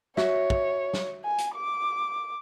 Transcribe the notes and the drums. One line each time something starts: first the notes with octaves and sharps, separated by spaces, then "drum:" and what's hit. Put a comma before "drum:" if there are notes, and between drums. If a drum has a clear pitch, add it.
F#4 C#5 E5, drum: snare
drum: kick
drum: snare
G#5
drum: hi-hat
D6